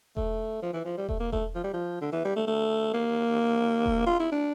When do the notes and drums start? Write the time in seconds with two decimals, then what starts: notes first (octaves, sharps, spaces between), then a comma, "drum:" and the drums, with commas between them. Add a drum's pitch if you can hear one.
0.17 A3, drum: kick E1
0.62 F3
0.73 E3
0.85 F3
0.97 G3
1.09 A3, drum: kick E1
1.20 A#3
1.32 A3, drum: kick E1
1.55 F3
1.64 G3
1.73 F3
2.01 D3
2.12 E3
2.25 G3
2.36 A3
2.47 A3
2.94 A#3
3.86 drum: kick E1
4.06 F4
4.19 E4
4.32 D4